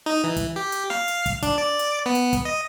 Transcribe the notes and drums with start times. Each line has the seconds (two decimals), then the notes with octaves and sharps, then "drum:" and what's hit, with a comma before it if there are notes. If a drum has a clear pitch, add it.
0.06 D#4
0.24 E3
0.37 drum: kick, hi-hat
0.56 G4
0.72 drum: hi-hat
0.90 F5, drum: snare
1.08 drum: hi-hat
1.26 drum: kick, hi-hat
1.43 D4, drum: kick, hi-hat
1.58 D5
1.79 drum: hi-hat
2.06 B3
2.15 drum: hi-hat
2.33 drum: kick, hi-hat
2.45 D#5